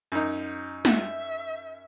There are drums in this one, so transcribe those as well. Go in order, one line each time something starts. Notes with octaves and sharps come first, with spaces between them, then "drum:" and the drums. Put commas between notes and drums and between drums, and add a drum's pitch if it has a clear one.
F#2 D#4
E5, drum: snare